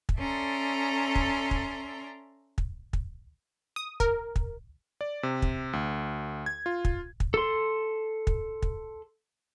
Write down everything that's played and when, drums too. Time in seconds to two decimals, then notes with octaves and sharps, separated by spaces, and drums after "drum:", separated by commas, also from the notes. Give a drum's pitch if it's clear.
0.09 drum: kick
0.19 C#4 A4 D5 E5 A#5 C6
1.15 drum: kick
1.51 drum: kick
2.58 drum: kick
2.93 drum: kick
3.76 D#6
4.00 A#4, drum: kick
4.36 drum: kick
5.01 D5
5.23 C3
5.42 drum: kick
5.73 D2
6.46 G#6
6.66 F4
6.85 drum: kick
7.20 drum: kick
7.34 A4 C6
8.27 drum: kick
8.62 drum: kick